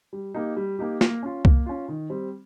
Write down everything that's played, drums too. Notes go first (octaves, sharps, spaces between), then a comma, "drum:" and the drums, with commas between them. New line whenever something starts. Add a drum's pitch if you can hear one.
G3
A#3 D#4 G4
G3
A#3 D#4 G4
A#3, drum: snare
C#4 F4
A#3, drum: kick C2
C#4 F4
D#3
G3 C4